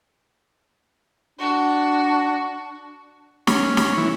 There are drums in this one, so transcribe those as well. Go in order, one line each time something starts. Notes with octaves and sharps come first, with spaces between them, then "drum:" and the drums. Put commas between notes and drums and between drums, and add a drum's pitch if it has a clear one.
D4 F#4
C#4, drum: snare
drum: snare
E3